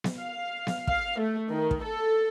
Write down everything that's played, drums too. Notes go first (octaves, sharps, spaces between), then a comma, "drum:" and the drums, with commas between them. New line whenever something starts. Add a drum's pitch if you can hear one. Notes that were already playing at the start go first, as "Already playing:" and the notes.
drum: snare B3
F5
drum: snare B3
F5, drum: kick
A3
D#3
drum: kick
A4